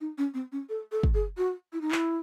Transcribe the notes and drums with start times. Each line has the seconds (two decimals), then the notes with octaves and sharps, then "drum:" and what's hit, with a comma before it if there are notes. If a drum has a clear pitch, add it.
0.01 D#4
0.18 C#4
0.34 C4
0.52 C#4
0.69 A4
0.92 A4
1.03 drum: kick
1.14 G#4
1.37 F#4
1.73 E4
1.81 D#4
1.91 E4, drum: clap